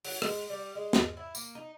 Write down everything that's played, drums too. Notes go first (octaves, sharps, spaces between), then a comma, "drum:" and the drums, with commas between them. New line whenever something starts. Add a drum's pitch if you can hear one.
F#3, drum: open hi-hat
G#3, drum: rim click
G3
G#3
drum: snare
E4
A#3, drum: tambourine
D#4